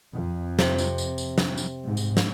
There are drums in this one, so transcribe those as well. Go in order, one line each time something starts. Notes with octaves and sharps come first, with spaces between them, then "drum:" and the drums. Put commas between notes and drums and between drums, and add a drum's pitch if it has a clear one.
F2
C3, drum: snare
drum: tambourine
drum: tambourine
drum: tambourine
drum: snare
drum: tambourine
G#2
drum: tambourine
drum: snare